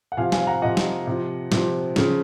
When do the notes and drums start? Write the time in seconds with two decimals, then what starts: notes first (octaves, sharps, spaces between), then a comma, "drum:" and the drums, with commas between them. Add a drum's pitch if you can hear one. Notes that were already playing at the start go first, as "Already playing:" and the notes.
0.12 F#5
0.17 C3 F3 F5 G#5
0.32 F5 G#5, drum: snare
0.47 F#5 A#5
0.62 C3 F3 D#5 F#5
0.77 drum: snare
1.07 C3 F3
1.52 C3 F3, drum: snare
1.96 C#3 F3, drum: snare